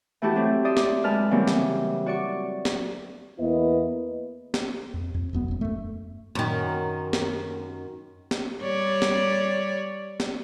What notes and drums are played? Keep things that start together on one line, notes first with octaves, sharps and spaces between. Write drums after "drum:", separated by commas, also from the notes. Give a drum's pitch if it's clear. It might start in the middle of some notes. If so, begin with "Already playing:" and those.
E3 A3 E4 F#4 G4 A5
F#3 A3 C4
D5 E5 C6 D#6
drum: snare
D2 G#3 B4 A5 F6
C#3 E3 F#3 G3 A#3 C4
drum: snare
F#4 D5 C#6
drum: snare
E2 A#3 B3 E4 B4 D#5
drum: snare
F2
F2
E1 F#2 B3
E1 F#2
F#2 A3
F#2 D#3
drum: snare
drum: snare
G3 C#5 D5
drum: snare
drum: snare